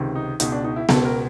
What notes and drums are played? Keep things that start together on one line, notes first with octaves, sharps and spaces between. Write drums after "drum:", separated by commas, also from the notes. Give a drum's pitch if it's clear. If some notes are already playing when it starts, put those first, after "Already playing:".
Already playing: C#2 C3 D#3
D#4
C#2 B2 D#4, drum: hi-hat
D4
D#4
E4
C#2 B2 A4, drum: snare B3
A#4